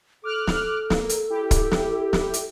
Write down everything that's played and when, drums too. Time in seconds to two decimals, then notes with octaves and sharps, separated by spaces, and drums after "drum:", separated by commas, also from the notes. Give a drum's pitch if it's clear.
0.24 A4 D6 F6 F#6
0.47 drum: snare
0.90 A#3, drum: snare
1.09 drum: hi-hat
1.30 E4 G4
1.51 drum: kick, hi-hat
1.71 drum: snare
2.13 drum: snare
2.34 drum: hi-hat